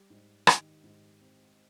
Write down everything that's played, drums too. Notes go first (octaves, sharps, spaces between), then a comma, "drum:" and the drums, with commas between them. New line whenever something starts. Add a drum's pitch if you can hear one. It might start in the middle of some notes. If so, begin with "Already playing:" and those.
Already playing: G3
G#2
D#3, drum: rim click
G#2
C4